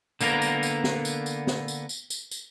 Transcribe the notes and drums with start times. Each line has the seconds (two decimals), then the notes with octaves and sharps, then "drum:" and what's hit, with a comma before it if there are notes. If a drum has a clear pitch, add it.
0.21 D3 A#3 B3 A#4, drum: tambourine
0.42 drum: tambourine
0.63 drum: tambourine
0.84 drum: snare
1.05 drum: tambourine
1.26 drum: tambourine
1.47 drum: snare
1.68 drum: tambourine
1.89 drum: tambourine
2.10 drum: tambourine
2.31 drum: tambourine